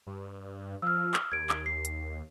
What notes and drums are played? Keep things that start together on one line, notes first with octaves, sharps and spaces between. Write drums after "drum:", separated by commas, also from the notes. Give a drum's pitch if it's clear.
G2
F3 E6 F6
drum: clap
D#2 G#6 D7
drum: clap
C7
drum: hi-hat